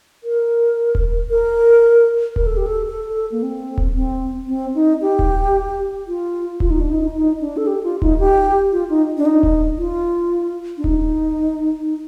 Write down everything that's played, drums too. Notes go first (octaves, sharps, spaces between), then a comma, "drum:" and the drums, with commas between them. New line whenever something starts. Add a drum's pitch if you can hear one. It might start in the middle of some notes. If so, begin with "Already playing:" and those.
A#4
drum: kick D#1
A#4
A#4, drum: kick D#1
A4
G4
A4
A4
A#3
C4
drum: kick D#1
C4
C4
D#4
G4
drum: kick D#1
F4
F4, drum: kick D#1
D#4
D4
D#4
D#4
D4
A4
G4
F4
D#4, drum: kick D#1
G4
F4
D#4
D4
D#4
drum: kick D#1
F4
D4
D#4, drum: kick D#1